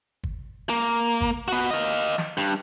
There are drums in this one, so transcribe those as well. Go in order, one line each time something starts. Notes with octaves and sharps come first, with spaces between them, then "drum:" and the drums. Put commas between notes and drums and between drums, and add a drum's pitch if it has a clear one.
drum: kick
A#3
drum: kick
B3 F#4
D#5 F5
drum: snare
G2